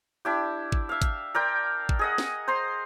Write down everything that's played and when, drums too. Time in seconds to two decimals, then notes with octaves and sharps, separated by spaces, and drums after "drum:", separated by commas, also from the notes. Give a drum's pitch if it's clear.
0.25 D4 E4 G4
0.72 drum: kick
0.89 E5 F5
1.02 drum: kick, hi-hat
1.35 A#4 D5 G5 C6
1.89 drum: kick
1.99 G#4 D#5 F#5
2.18 drum: snare
2.48 C5 A#5 C6